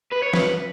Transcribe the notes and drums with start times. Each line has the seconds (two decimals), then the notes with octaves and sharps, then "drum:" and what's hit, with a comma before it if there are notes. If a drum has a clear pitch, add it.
0.12 B4
0.23 C#5
0.33 B4, drum: snare